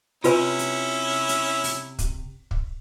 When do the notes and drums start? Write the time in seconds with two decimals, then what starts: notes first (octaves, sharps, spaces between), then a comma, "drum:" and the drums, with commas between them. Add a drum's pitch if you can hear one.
0.24 C3 C#4 E4 F4 B4 G#5, drum: hi-hat
0.59 drum: hi-hat
1.29 drum: hi-hat
1.64 drum: open hi-hat
1.99 drum: kick, hi-hat
2.51 drum: kick